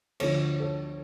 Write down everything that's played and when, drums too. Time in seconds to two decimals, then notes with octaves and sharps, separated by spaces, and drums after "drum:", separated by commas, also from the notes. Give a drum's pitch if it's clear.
0.20 D2 D3 F3 A4 C#5, drum: cymbal
0.60 A4 C#5